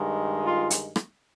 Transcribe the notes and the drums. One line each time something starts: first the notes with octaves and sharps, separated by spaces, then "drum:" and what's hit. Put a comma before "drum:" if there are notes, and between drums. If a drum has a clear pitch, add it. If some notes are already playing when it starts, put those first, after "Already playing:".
Already playing: G2 D#3 G#3
F4
drum: hi-hat
drum: rim click